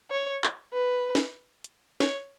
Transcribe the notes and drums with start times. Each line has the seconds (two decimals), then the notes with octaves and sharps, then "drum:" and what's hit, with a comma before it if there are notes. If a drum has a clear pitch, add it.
0.11 C#5
0.44 drum: clap
0.74 B4
1.15 drum: snare
1.64 drum: hi-hat
2.00 C#5, drum: snare